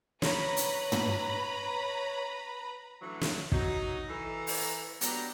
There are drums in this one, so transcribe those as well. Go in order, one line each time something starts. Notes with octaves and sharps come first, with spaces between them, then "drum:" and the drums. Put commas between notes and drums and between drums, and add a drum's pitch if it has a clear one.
B4 C#5 A#5 B5, drum: snare
drum: hi-hat
drum: tom
A2 D3 E3 F#3
drum: snare
F#3 D#4, drum: kick
E3 A4 A#5
drum: open hi-hat
F#3 B3 D4 G4 A#5, drum: hi-hat